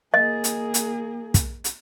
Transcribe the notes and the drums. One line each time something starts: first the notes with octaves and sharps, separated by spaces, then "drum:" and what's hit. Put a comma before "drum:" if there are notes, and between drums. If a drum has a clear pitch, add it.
A#3 G#4 D#5
drum: hi-hat
drum: hi-hat
drum: kick, hi-hat
drum: hi-hat